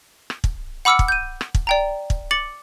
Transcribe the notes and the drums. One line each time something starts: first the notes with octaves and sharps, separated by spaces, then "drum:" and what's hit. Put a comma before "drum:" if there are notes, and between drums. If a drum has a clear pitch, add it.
drum: rim click
drum: kick
F#5 B5 D6 E6 F6 C#7
drum: kick
G6 D#7
drum: rim click
drum: kick
D5 G5 A#5
drum: kick
D6 A6 C#7 F#7